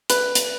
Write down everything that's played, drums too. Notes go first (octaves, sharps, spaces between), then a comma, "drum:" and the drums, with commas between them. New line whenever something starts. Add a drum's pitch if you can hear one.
B4, drum: hi-hat
drum: hi-hat